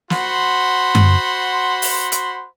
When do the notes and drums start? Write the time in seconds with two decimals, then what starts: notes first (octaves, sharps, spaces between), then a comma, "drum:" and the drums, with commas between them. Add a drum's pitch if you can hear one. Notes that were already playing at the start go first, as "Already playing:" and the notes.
0.10 F#4 C5 F#5 B5 C6, drum: snare
0.95 drum: tom F#2
1.82 drum: open hi-hat
2.12 drum: hi-hat